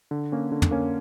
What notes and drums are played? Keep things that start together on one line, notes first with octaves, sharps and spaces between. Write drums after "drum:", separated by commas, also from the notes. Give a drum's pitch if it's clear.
D3
A#3 C#4
D3
drum: tom
A#3 C#4